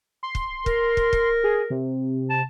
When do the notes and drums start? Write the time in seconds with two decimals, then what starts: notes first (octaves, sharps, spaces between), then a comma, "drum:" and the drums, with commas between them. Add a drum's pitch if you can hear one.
0.23 C6
0.35 drum: kick
0.66 A#4, drum: kick
0.97 drum: kick
1.13 drum: kick
1.44 G#4
1.70 C3
2.30 A5